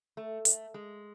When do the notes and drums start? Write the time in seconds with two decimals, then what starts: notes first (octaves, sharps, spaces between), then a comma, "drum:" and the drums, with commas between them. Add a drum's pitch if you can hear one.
0.17 A3
0.45 A3, drum: hi-hat
0.74 G#3